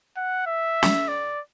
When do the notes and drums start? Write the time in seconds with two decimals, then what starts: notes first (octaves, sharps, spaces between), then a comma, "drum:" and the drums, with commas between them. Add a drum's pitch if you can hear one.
0.17 F#5
0.46 E5
0.83 drum: snare
1.08 D5